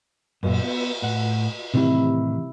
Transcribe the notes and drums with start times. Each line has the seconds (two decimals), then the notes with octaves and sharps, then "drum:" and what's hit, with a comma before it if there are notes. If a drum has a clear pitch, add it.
0.43 F#2 A#2, drum: cymbal
0.62 B3
1.02 A2 F#5
1.74 A2 C3 D#3 E3 E4